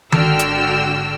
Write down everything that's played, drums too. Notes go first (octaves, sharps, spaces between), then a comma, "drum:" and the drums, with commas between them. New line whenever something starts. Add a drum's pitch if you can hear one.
G#1 D3 F#4 G5 E6 F6, drum: tom D#3
drum: hi-hat